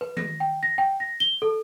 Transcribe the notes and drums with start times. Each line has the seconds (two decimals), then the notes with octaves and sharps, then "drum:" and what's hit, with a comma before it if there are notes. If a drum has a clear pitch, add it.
0.01 B4
0.17 A#6, drum: tom D#3
0.40 G5
0.63 A#6
0.78 G5
1.00 A#6
1.20 G7
1.42 A4